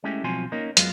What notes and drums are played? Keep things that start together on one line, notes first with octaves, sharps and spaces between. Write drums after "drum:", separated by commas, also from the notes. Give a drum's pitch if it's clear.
G#3 A3 C#4 E4 G4
B1 F3 C4 F#4 G#5 C6
A#3 C#4 D#4 A#4
F#2 F#3 G#3 B3 F4, drum: hi-hat